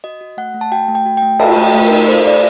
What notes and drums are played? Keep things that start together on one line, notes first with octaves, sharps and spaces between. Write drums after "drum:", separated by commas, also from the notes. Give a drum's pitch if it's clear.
F#4 D#5
F#4
A3 F#5
A3
A5
F#4 G5
A3
G5
F#4
A3 G5
A4 A5, drum: cymbal
A3
G5
A3
D#4 A#4
A4 C5
A3 D5